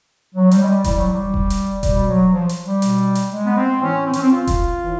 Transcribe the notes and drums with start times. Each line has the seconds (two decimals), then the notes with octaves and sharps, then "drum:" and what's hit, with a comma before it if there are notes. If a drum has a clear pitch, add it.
0.35 F#3
0.51 G3, drum: hi-hat
0.63 G#3
0.67 G3
0.84 A2 E3 G3, drum: kick E1, hi-hat
0.98 F#3
1.12 G3
1.34 drum: kick E1
1.50 drum: hi-hat
1.83 B2 G3, drum: kick E1, hi-hat
2.08 F#3
2.33 F3
2.49 drum: hi-hat
2.66 G3
2.82 B2, drum: hi-hat
3.15 drum: hi-hat
3.32 G#3
3.45 B3
3.56 C4
3.82 A2 E3 C#4
4.06 C4
4.13 C#4, drum: hi-hat
4.21 C4
4.31 F4
4.47 drum: kick E1, hi-hat
4.80 A2 E3